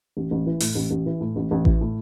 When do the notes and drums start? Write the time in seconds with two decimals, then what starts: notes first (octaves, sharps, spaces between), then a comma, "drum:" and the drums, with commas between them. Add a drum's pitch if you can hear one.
0.17 A1
0.31 A1
0.46 E3
0.60 A2, drum: open hi-hat
0.75 A1
0.91 A1
1.06 E3
1.21 A2
1.36 A1
1.51 A1
1.65 E3, drum: kick A1
1.81 A2